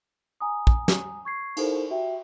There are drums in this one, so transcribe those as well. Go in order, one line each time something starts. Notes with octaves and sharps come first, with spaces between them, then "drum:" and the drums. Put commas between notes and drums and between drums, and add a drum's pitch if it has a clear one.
G#5 A#5 D#6
drum: kick
drum: snare
C#6 G#6 C7
D#4 E4 G4 A4 A#4 C5, drum: cymbal
F#4 G4 E5 G5